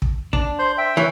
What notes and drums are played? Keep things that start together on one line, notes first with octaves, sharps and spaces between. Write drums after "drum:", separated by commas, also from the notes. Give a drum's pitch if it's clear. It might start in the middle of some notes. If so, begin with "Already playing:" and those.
drum: kick
D4, drum: kick
C5 C6 G6
E5 G5
E3 C#5